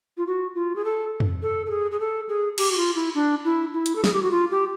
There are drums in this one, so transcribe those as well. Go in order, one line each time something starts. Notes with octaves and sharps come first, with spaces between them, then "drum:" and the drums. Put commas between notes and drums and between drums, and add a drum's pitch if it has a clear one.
F4
F#4
F4
G#4
A4
drum: tom F2
A4
A4
G#4
G#4
A4
G#4
G4, drum: cymbal
F#4
F4
E4
D4
E4
E4
drum: hi-hat
A4
G#4, drum: snare
G4
F#4
F4
G4